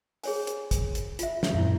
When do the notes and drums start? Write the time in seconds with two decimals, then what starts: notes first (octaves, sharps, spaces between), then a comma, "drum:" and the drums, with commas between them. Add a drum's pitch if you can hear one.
0.24 G#4 C#5 G#5, drum: open hi-hat
0.47 drum: hi-hat
0.71 drum: kick, hi-hat
0.95 drum: hi-hat
1.19 F4 E5, drum: hi-hat
1.43 drum: snare
1.54 F#2 A#2 E4 E5